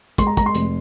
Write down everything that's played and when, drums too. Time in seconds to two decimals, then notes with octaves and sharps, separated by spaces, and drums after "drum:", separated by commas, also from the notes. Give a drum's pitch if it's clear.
0.18 G#3 C6, drum: kick, hi-hat
0.27 A#5
0.37 G#3 A#5, drum: kick, hi-hat
0.46 C6
0.55 F1, drum: hi-hat